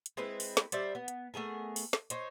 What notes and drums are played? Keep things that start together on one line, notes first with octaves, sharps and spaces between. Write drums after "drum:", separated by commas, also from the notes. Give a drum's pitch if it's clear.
drum: hi-hat
G#3 C4 E4 B4
drum: open hi-hat
drum: snare
G3 C5 D5 E5, drum: hi-hat
B3
drum: hi-hat
A3 B3 G#4 A#4
drum: open hi-hat
drum: snare
D#4 C5 C#5, drum: hi-hat